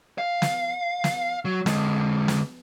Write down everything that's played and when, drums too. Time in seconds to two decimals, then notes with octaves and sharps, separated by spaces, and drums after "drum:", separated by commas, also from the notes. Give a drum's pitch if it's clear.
0.18 F5
0.42 drum: snare
1.04 drum: snare
1.45 F#3
1.66 D3 G#3, drum: snare
2.28 drum: snare